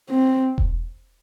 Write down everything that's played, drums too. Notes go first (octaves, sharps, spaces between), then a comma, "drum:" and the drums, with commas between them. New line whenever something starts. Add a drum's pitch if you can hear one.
C4
drum: kick E1